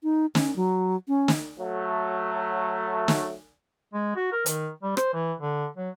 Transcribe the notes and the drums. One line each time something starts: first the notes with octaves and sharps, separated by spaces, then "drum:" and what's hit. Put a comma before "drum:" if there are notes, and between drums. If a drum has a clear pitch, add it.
D#4
C#4, drum: snare
F#3
C#4
drum: snare
F#3 A3
drum: snare
G#3
F#4
A#4
D#3, drum: hi-hat
G3
C5, drum: rim click
E3
D3
F#3